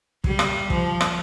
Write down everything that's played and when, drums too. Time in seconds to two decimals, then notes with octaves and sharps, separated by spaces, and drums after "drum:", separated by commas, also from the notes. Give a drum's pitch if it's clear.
0.24 G3, drum: kick
0.39 drum: rim click
0.70 F3, drum: kick
1.01 drum: rim click